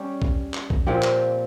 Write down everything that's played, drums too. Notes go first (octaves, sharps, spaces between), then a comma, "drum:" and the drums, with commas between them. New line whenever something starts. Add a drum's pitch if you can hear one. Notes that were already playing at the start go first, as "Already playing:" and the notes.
Already playing: G3 C#4 G4 C#5
drum: kick B1
drum: clap
drum: kick B1
A#2 F3 C4 G4
drum: clap